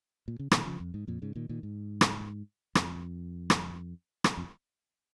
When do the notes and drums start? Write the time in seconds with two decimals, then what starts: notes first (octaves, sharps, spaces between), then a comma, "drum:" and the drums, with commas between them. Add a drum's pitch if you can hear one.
0.28 A#2
0.39 C#3
0.51 A#2 D#3, drum: rim click
0.66 C#3 F3
0.80 F2
0.94 G#2
1.07 F2 A#2
1.22 G#2 C#3
1.36 A#2 D#3
1.49 A#2 D#3
1.63 G#2
2.01 drum: rim click
2.75 F2, drum: rim click
3.50 drum: rim click
4.24 drum: rim click
4.37 F2